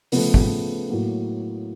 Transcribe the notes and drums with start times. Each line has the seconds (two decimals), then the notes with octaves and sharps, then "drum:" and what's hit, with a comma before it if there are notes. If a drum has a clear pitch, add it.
0.12 C#3 F3 A3 B3 B4, drum: open hi-hat
0.34 drum: kick
0.89 A2 F#3 A#3